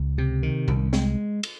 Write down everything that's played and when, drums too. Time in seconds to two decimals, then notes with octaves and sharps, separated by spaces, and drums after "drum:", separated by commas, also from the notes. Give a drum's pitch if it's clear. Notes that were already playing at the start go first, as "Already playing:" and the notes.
Already playing: C#2
0.18 C3
0.43 D#3
0.68 C2, drum: tom A2
0.93 G#3, drum: snare C4
1.43 drum: cymbal